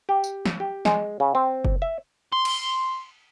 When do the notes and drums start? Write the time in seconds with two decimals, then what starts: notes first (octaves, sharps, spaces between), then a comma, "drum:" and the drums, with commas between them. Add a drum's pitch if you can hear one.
0.09 G4
0.24 drum: tambourine
0.45 drum: snare
0.60 G4
0.85 G#3, drum: snare
1.20 C#3
1.35 C4
1.65 drum: kick F#1
1.82 E5
2.33 C6
2.45 drum: cymbal